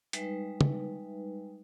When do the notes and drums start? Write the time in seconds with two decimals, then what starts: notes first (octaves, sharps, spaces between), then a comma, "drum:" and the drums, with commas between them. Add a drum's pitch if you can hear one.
0.13 G3 G#3 D#4 B4 E5, drum: hi-hat
0.61 drum: tom